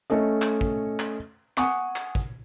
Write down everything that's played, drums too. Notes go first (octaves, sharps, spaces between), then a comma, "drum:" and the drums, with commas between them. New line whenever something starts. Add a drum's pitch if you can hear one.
A3 C#4 A4 D#5
drum: clap
drum: kick
drum: clap
F#5 G#5 C#6 D#6, drum: clap
drum: clap
drum: kick